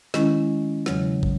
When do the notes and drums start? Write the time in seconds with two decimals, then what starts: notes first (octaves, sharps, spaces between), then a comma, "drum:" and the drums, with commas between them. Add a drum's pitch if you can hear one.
0.14 D#3 G#3 C#4 E4, drum: snare
0.86 E2 C#3 F#3, drum: snare
1.23 drum: kick